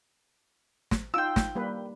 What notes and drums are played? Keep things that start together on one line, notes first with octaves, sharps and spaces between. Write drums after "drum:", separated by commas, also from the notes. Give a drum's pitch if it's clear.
drum: snare
D#4 F4 G5 E6
drum: snare
G3 A#3 B4